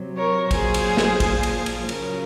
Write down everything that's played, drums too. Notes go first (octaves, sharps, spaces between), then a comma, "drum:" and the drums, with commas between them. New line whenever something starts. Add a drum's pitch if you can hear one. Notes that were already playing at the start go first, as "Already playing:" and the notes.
Already playing: C3 F#3
A#4 C#5
A#2 F#3 G#4 C5, drum: kick, cymbal
drum: cymbal
drum: snare
A#2 F3, drum: kick, cymbal
drum: cymbal
drum: cymbal
C#3 F#3 A#4, drum: cymbal